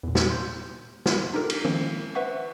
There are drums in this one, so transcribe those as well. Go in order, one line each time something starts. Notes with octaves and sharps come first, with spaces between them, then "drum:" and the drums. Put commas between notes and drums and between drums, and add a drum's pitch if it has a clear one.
E2 A#2
drum: snare
C6 G6
drum: snare
D4 D#4 G4 A4 A#4
drum: cymbal
D#3 F3 G#3 A#3 C4 C#4
B4 C5 E5 F#5 C#6